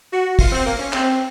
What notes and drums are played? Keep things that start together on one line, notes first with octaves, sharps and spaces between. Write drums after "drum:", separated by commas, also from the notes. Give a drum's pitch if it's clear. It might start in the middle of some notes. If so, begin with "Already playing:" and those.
F#4
F4, drum: kick, open hi-hat
C4
A#3
C#4
C4, drum: clap